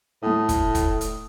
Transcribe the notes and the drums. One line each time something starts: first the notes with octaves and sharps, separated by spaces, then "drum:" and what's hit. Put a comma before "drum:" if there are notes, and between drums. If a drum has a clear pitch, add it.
A2 A3 D#6
drum: kick, hi-hat
drum: kick, hi-hat
drum: hi-hat